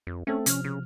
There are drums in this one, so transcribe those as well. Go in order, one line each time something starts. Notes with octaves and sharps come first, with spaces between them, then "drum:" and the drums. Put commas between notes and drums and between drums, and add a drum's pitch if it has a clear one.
F2
A3 C4 C#4 A4
C3 F3 C#4 F6, drum: hi-hat
C#3